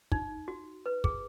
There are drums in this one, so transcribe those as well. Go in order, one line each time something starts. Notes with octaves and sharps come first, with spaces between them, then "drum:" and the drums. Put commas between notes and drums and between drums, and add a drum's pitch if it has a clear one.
D#4, drum: kick
F#4
B4
G#4, drum: kick